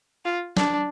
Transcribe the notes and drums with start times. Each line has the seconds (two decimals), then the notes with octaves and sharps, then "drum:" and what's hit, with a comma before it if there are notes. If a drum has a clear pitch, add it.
0.25 F4
0.57 D4, drum: snare